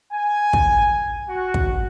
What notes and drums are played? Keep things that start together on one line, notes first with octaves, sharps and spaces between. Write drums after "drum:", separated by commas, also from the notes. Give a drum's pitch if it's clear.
G#5
drum: kick
F#4
drum: kick